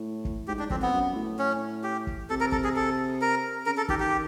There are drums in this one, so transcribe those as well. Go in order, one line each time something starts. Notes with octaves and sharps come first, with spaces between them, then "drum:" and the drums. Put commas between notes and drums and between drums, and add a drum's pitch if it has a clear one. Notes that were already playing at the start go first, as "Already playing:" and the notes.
Already playing: A2
drum: kick
G#2 G4
D4
F2 C4, drum: kick
B3
F#2
A2
C#4
G4
drum: kick
C3 A4
A#4
A4, drum: kick
G#4
A4
A#4
C#3 A#4
A4
D#3 G4, drum: kick
G4